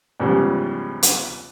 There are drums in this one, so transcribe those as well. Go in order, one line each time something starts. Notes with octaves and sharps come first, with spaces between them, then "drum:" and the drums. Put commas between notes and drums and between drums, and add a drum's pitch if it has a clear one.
E2 G#2 C#3 E3 F3 G3
drum: hi-hat